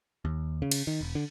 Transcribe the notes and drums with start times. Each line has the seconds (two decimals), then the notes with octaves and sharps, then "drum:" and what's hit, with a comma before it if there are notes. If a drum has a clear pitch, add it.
0.25 D#2
0.62 C#3
0.71 drum: cymbal
0.87 D#3
1.01 E1
1.15 D3